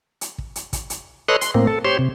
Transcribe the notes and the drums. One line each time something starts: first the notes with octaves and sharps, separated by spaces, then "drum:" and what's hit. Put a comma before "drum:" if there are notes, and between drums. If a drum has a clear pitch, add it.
drum: hi-hat
drum: kick
drum: hi-hat
drum: kick, hi-hat
drum: hi-hat
A4 B4 C#5 D#5 C6 F#6
C6, drum: hi-hat
A2 A#3 C4
A4
G4 C5 C#5 C6
C3